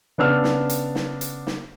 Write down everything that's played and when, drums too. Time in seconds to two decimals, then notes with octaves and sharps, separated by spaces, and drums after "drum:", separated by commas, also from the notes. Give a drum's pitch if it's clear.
0.18 C#3 B3 D4 E6 F6
0.44 drum: snare
0.70 drum: hi-hat
0.95 drum: snare
1.21 drum: hi-hat
1.47 drum: snare